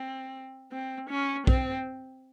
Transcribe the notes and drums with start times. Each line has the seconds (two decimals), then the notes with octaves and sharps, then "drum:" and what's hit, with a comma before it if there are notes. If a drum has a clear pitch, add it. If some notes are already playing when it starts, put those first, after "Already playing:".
Already playing: C4
0.72 C4
1.10 C#4
1.47 C4, drum: kick B1